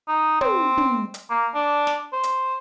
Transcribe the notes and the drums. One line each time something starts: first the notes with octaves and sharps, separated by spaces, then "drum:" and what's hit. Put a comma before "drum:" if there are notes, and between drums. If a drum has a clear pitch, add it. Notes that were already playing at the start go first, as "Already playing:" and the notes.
D#4
C4, drum: tom
drum: tom
drum: hi-hat
A#3
D4
drum: snare
C5
drum: hi-hat